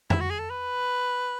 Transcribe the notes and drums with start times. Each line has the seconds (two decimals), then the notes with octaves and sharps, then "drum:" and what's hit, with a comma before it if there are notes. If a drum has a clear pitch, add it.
0.10 E4, drum: tom F2
0.21 F#4
0.30 G#4
0.39 A4
0.50 B4